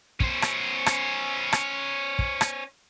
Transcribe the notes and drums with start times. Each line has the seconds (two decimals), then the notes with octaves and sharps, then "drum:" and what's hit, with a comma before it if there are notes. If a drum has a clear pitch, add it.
0.20 C#4 C5, drum: kick
0.42 drum: rim click
0.86 drum: rim click
1.53 drum: rim click
2.19 drum: kick
2.41 drum: rim click